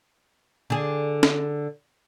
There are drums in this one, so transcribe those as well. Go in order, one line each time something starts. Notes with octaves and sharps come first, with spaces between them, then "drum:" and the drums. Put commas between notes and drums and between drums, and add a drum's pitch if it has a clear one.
D3 G#4
drum: snare